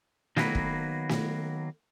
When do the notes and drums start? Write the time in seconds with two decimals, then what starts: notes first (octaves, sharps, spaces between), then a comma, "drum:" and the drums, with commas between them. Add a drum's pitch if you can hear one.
0.37 D#3 F#3 A#3 B3 B4, drum: snare
0.55 drum: kick
1.09 drum: snare